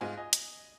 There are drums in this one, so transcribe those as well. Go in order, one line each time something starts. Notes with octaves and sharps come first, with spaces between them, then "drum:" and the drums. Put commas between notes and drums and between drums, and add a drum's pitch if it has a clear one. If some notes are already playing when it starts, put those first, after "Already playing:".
G#2 G#3 F4 D#5 G#5
D#5 G#5
drum: hi-hat